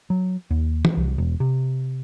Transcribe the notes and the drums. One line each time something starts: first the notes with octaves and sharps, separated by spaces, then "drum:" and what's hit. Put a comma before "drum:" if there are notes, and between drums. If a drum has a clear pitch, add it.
F#3
D#2
drum: tom E3
C2
E1
C3